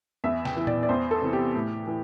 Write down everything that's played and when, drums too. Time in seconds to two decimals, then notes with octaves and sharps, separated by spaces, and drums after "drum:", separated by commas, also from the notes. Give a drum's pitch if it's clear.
0.24 E2 E5
0.45 G5, drum: snare
0.56 E3
0.67 D5, drum: tom A#2
0.83 D5
0.89 E2 C5
1.11 A4
1.21 C3 E3
1.33 G4
1.54 A2
1.87 E3